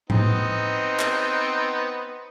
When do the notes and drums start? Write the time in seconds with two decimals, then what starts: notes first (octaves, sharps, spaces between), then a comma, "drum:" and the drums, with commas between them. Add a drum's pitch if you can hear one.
0.10 B3 C4 D#4, drum: tom A2
1.00 drum: clap